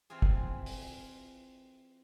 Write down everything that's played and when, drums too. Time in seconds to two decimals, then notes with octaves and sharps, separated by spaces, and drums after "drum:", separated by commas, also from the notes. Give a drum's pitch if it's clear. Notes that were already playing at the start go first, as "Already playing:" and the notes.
0.10 E3 C4 F4 G#4
0.22 drum: kick
0.66 drum: open hi-hat